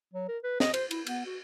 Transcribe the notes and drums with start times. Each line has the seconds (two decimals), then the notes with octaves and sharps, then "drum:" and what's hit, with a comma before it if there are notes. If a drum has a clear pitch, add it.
0.13 F#3
0.28 A#4
0.43 B4
0.60 D#5, drum: snare
0.74 C5, drum: cymbal
0.91 E4, drum: cymbal
1.07 B3, drum: cymbal
1.26 F#4